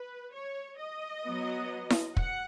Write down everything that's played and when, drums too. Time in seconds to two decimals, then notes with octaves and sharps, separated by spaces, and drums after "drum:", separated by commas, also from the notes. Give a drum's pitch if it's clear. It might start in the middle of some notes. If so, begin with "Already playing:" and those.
Already playing: B4
0.33 C#5
0.79 D#5
1.25 F#3 B3
1.90 drum: snare E4
2.17 F#5, drum: kick